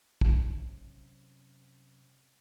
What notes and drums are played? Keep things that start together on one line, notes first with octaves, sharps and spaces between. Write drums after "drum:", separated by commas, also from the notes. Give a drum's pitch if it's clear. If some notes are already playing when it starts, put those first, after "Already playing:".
C2 F#2, drum: kick